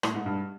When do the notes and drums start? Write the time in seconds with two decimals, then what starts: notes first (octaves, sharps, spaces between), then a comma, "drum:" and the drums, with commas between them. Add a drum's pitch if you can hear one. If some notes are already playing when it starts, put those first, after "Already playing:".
0.03 A2, drum: rim click
0.14 G#2
0.26 G2